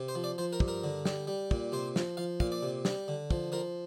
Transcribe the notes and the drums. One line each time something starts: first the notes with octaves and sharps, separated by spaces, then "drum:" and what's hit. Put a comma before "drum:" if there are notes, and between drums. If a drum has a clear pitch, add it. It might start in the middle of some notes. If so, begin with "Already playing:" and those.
Already playing: C3
C5
F3
D5
F3 C5
A#4
G2, drum: kick
A#4
D3
G3, drum: snare
G3
A#2, drum: kick
C3 C5
F3, drum: snare
F3 F5
A#2 F5, drum: kick
D5
C3
G3, drum: snare
D3
F3, drum: kick
F3 A#4